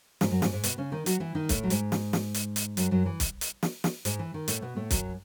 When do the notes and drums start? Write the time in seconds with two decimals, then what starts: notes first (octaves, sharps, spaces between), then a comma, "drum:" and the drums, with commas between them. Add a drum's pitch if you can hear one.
0.21 G#2 G#3, drum: snare
0.31 F#2 F#3
0.42 G#2 G#3, drum: snare
0.53 G#2 G#3
0.64 B2 B3, drum: hi-hat
0.78 C#3 C#4
0.92 D#3 D#4
1.06 F#3 F#4, drum: hi-hat
1.20 E3 E4
1.35 D#3 D#4
1.49 A2 A3, drum: kick, hi-hat
1.63 F#3
1.70 G#2 G#3, drum: hi-hat
1.92 drum: snare
2.13 drum: snare
2.34 drum: hi-hat
2.56 drum: hi-hat
2.77 F#2 F#3, drum: hi-hat
2.91 F#2 F#3
3.06 E3
3.20 drum: kick, hi-hat
3.41 drum: hi-hat
3.63 drum: snare
3.84 drum: snare
4.05 G#2 G#3, drum: hi-hat
4.19 E3
4.34 D#3
4.48 A2 A3, drum: hi-hat
4.62 B2 B3
4.76 A2 A3
4.91 F#2 F#3, drum: kick, hi-hat